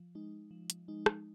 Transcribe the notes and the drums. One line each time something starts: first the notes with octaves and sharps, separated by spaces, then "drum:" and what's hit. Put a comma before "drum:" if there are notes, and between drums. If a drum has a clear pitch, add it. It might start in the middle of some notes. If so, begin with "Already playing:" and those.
Already playing: F3
G#3 D#4
F3
drum: hi-hat
G#3 D#4
drum: rim click